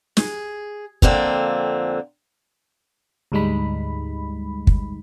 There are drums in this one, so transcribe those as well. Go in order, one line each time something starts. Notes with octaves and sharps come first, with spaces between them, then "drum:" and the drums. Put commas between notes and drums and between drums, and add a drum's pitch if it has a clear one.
G#4, drum: snare
F2 D3 A#3 C4, drum: kick
D2 G#2 G3 G#3 D#4 B5
drum: kick